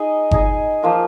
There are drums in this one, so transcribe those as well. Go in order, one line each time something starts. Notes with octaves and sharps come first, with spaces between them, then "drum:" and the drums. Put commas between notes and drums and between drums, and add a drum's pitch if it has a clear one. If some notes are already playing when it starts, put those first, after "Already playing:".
Already playing: D#4 G#4 D#5
D#4 G#4 D#5, drum: kick G1
F3 A#3 F4 A#4